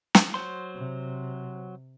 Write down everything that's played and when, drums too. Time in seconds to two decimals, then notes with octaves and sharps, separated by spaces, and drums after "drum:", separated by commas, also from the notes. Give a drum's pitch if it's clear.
0.15 drum: snare
0.34 F#3 C5 C6
0.75 C3